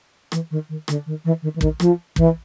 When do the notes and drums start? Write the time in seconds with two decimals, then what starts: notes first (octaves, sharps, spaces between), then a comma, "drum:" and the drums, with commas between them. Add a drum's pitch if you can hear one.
0.32 E3, drum: rim click
0.51 D#3
0.69 D#3
0.88 D3, drum: rim click
1.06 D#3
1.25 E3
1.42 D#3
1.55 E3
1.61 D#3, drum: kick
1.80 F3, drum: rim click
2.16 E3, drum: kick